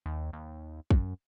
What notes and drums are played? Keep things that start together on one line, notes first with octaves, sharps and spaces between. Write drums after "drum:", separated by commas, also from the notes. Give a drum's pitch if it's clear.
D#2
D#2
F#2, drum: kick